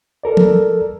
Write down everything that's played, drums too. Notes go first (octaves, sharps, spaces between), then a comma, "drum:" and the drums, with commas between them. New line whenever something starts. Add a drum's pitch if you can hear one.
A4 A#4 D5
drum: tom